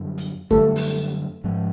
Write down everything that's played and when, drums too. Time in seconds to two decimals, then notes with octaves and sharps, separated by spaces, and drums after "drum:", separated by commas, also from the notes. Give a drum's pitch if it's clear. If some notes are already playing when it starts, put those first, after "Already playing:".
Already playing: F#2 D3 G3
0.18 drum: hi-hat
0.50 F#2 D3 G3 A3 A4, drum: kick
0.76 drum: open hi-hat
1.44 G#2 F3 G#3